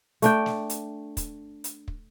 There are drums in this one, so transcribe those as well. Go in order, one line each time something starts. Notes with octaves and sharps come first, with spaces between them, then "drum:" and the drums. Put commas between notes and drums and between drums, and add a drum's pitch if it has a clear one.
A3 D4 G5, drum: hi-hat
drum: snare
drum: hi-hat
drum: kick, hi-hat
drum: hi-hat
drum: kick